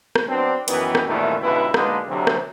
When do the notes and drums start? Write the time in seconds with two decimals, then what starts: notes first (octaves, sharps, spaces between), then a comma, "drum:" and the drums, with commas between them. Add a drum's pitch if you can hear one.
0.16 drum: rim click
0.28 F#3 B3 C4 D4
0.68 F#2 D#3 E3 B3, drum: hi-hat
0.95 drum: rim click
1.06 C2 F#2 A#2 D#3 E3 A3
1.42 C#2 G2 B2 D3 E4 B4
1.74 B1 D3 G#3 A#3 D#4 B4, drum: rim click
2.08 D2 C3 F#3
2.27 drum: rim click